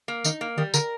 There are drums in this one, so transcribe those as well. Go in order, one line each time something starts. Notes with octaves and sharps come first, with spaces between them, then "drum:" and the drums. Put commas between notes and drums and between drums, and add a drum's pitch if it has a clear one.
A#3
D#3 D#4, drum: tambourine
A#3
D#3 G3
D3 A#4, drum: tambourine